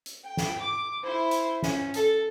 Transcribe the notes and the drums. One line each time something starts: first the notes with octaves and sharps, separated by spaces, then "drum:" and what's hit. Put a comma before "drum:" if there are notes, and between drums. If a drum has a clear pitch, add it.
drum: hi-hat
G5
drum: snare
D6
E4 C5
drum: hi-hat
C#4, drum: snare
A4, drum: hi-hat